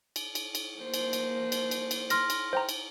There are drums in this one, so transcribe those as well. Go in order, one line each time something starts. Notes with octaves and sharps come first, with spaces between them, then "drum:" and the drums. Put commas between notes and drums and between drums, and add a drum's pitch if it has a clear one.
drum: cymbal
drum: cymbal
drum: cymbal
A#3 C5
drum: cymbal
drum: cymbal
drum: cymbal
drum: cymbal
drum: cymbal
C6 F6 A#6, drum: cymbal
drum: cymbal
C5 G5 A#5
drum: cymbal